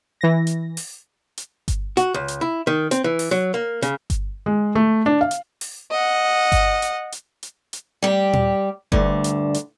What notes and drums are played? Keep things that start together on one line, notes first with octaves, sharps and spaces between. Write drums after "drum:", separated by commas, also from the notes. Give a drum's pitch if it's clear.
E3 A#6
drum: hi-hat
drum: open hi-hat
drum: hi-hat
drum: kick G1, hi-hat
F#4, drum: hi-hat
C#2
drum: hi-hat
E4
D#3
C4, drum: hi-hat
E3
drum: open hi-hat
F#3
A#3
C#3, drum: hi-hat
drum: kick G1, hi-hat
G#3
A3
D4
F5
drum: hi-hat
drum: open hi-hat
D#5 F#5
drum: kick G1, hi-hat
drum: hi-hat
drum: hi-hat
drum: hi-hat
drum: hi-hat
G3 G4
drum: tom A#2
D2 G2 D3, drum: kick G1
drum: hi-hat
drum: hi-hat